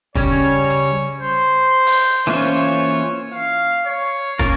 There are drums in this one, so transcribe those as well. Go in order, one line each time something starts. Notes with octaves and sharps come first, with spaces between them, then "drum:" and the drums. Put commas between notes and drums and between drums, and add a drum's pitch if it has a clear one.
C#3 G3 C#4 C#5, drum: kick
drum: hi-hat
C5
drum: open hi-hat
E3 A#3 C#4 F4 C5 C#5
F5
C#5
A#3 C#4 F4 A#4, drum: kick